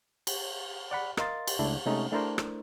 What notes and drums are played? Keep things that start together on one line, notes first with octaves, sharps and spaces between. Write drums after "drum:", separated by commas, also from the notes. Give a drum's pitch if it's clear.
drum: cymbal
D5 F#5 B5
A#4 D#5 F5 C6 A6, drum: rim click
drum: cymbal
C#2 A3 D4 E4
C3 G#3 A3 C#4 D#4
A3 D4 E4 A#4 C5
drum: rim click